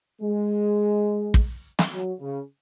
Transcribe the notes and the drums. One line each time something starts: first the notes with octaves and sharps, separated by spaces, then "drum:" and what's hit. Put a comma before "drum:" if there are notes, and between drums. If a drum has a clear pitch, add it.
G#3
drum: kick
drum: snare
F#3
C#3